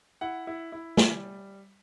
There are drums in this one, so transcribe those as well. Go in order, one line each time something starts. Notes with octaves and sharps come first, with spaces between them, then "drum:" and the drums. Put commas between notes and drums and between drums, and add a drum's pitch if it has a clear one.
E4 F#5
E4
E4
G3 E5, drum: snare